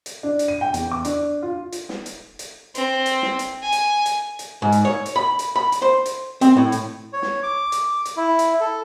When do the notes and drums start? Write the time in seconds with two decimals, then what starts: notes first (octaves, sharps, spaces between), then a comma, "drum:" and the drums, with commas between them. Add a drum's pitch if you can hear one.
0.06 drum: hi-hat
0.23 D4
0.39 drum: hi-hat
0.48 D#7
0.61 G5
0.74 E2, drum: hi-hat
0.91 D6
1.05 D4, drum: hi-hat
1.42 F4
1.72 drum: hi-hat
1.89 drum: snare
2.06 drum: hi-hat
2.39 drum: hi-hat
2.75 C4, drum: hi-hat
3.06 drum: hi-hat
3.22 drum: snare
3.39 drum: hi-hat
3.62 G#5
3.72 drum: hi-hat
4.06 drum: hi-hat
4.39 drum: hi-hat
4.62 G#2
4.72 drum: hi-hat
4.85 C#5
5.06 drum: hi-hat
5.16 B5
5.39 drum: hi-hat
5.56 B5
5.72 drum: hi-hat
5.82 C5
6.06 drum: hi-hat
6.41 C4, drum: hi-hat
6.57 A2
6.72 drum: hi-hat
7.13 C#5
7.22 drum: snare
7.43 D6
7.72 drum: hi-hat
8.05 drum: hi-hat
8.17 E4
8.39 drum: hi-hat
8.61 A4